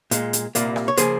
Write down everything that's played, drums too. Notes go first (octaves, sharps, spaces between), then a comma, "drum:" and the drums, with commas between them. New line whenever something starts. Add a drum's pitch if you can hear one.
A#2 G#3, drum: hi-hat
drum: hi-hat
C2 A#2 G3 A#3, drum: hi-hat
drum: rim click
C#5
C#3 F3 A#3 G#4 C5, drum: hi-hat